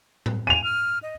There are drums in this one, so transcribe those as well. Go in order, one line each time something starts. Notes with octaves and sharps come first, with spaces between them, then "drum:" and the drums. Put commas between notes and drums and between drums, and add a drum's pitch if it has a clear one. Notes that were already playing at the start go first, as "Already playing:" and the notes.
drum: tom A2
G#5 D#7 F7
F6
D#5